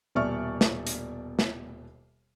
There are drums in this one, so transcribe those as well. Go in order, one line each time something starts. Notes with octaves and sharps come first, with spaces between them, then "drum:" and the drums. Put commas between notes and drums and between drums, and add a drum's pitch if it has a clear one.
D#1 B2 D5 E5 C#6 F6
drum: snare
drum: hi-hat
drum: snare